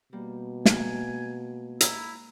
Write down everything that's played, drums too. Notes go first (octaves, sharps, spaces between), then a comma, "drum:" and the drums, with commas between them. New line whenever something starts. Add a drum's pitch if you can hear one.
B2 G3 A#3
G#3 A#3 G#5, drum: snare
E4 B4 A#5, drum: hi-hat